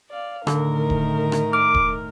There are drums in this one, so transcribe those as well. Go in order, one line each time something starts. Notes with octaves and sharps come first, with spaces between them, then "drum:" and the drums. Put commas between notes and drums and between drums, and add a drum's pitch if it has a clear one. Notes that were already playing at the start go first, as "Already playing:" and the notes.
D5 F5
A2 D3 D#3 A#4, drum: rim click
drum: kick D#1
drum: rim click
D6 F6
drum: kick D#1